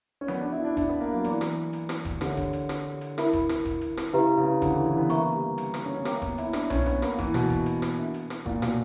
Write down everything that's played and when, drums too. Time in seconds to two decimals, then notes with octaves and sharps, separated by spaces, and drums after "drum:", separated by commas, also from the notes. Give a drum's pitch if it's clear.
0.21 C#4
0.28 B3 F#4 A#4 D5 F#5, drum: tom F3
0.41 D4
0.52 E4
0.65 D4
0.77 D4, drum: kick F1, hi-hat
0.89 B3
1.01 A#3
1.13 F#3
1.24 E3 A#4 D5 A#5 D6, drum: hi-hat
1.41 drum: rim click
1.73 drum: hi-hat
1.89 drum: rim click
2.05 drum: kick F1, hi-hat
2.21 D3 D4 G4 A#4 C#5 E5, drum: rim click
2.37 drum: kick F1, hi-hat
2.53 drum: hi-hat
2.69 drum: rim click
3.01 drum: hi-hat
3.18 E4 A#4 E5 B5, drum: rim click
3.33 drum: kick F1, hi-hat
3.49 drum: rim click
3.65 drum: kick F1, hi-hat
3.81 drum: hi-hat
3.97 drum: rim click
4.13 C#3 E4 G4 B4 E5 A#5
4.38 C#3
4.62 D3, drum: kick F1, hi-hat
4.74 E3
4.86 E3
4.97 B3
5.10 A#3 B4 E5 A#5 C#6, drum: hi-hat
5.34 G3
5.58 drum: hi-hat
5.74 drum: rim click
5.86 C#4
5.95 B3
6.05 A#3 C#5 G5 A#5 D6, drum: rim click
6.22 B3, drum: kick F1, hi-hat
6.38 E4, drum: hi-hat
6.53 D4, drum: rim click
6.70 C#4, drum: tom B1
6.86 B3, drum: hi-hat
7.02 A#3 B4 F#5 C#6, drum: rim click
7.18 E3, drum: kick F1, hi-hat
7.34 B2, drum: rim click
7.50 drum: kick F1, hi-hat
7.66 drum: hi-hat
7.82 drum: rim click
7.98 D4 A#4 E5
8.14 drum: hi-hat
8.30 drum: rim click
8.46 A#2, drum: kick F1
8.62 B2, drum: rim click